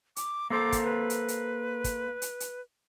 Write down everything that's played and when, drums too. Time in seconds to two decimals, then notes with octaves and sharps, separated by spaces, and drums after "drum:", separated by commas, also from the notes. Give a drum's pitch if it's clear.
0.16 D6, drum: hi-hat
0.50 A#3 A4 C5 D6
0.72 drum: kick, hi-hat
0.84 B4
1.10 drum: hi-hat
1.28 drum: hi-hat
1.84 drum: kick, hi-hat
2.22 drum: hi-hat
2.40 drum: hi-hat